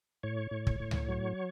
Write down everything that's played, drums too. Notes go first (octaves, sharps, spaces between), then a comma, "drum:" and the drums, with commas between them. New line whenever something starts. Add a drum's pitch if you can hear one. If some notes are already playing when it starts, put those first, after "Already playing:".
A2 C#5
A2
drum: kick
A2
drum: tom C#2
F#3